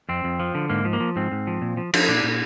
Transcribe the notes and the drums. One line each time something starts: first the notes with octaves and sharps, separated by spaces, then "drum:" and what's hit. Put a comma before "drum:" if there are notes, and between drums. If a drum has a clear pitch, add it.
F2 C4
F2
F3
D3
G#2 A#3
F3
A#3
F3
G#2 C4
G#2
F3
A#2
F3
F3, drum: cymbal
A#2 D4
A#2